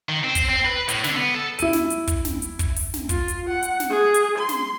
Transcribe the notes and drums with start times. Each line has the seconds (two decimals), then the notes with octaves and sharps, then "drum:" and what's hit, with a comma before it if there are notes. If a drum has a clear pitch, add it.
0.09 D#3
0.24 C4
0.35 drum: kick, hi-hat
0.49 C4
0.65 B4
0.89 A2, drum: hi-hat
1.04 D3, drum: snare
1.16 B3
1.34 A4
1.59 E4 D#7, drum: hi-hat
1.73 drum: snare
1.90 drum: hi-hat
2.07 drum: kick, hi-hat
2.25 drum: snare
2.42 drum: hi-hat
2.59 drum: kick, hi-hat
2.76 drum: open hi-hat
2.94 drum: snare
3.09 F4, drum: kick, hi-hat
3.28 drum: hi-hat
3.49 F#5
3.63 drum: hi-hat
3.80 drum: snare
3.89 G#4
4.14 drum: hi-hat
4.38 C6
4.49 drum: snare